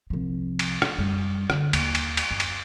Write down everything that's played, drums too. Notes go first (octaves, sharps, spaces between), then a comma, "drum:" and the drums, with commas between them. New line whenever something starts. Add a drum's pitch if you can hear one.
C2 F3
drum: cymbal
drum: rim click
F#2 G3
D3, drum: rim click
D#2, drum: cymbal
drum: cymbal
drum: cymbal
F#2
drum: cymbal